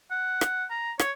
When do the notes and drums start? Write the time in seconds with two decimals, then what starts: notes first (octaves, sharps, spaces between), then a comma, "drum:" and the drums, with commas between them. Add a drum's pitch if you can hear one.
0.11 F#5
0.41 drum: rim click
0.70 A#5
0.99 C#5, drum: rim click